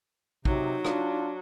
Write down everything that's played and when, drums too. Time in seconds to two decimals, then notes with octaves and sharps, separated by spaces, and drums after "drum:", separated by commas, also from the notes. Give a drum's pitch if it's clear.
0.45 C3 F#3 D#4, drum: kick
0.85 D4 F4, drum: rim click